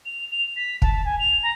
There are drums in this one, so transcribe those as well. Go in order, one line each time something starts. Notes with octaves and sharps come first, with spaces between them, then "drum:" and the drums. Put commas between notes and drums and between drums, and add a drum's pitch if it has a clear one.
F7
F7
B6
A5, drum: kick
G#5
F7
A#5